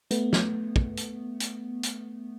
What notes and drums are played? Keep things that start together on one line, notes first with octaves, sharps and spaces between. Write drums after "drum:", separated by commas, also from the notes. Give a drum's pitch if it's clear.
A3 B3, drum: hi-hat
drum: snare
drum: kick
drum: hi-hat
drum: hi-hat
drum: hi-hat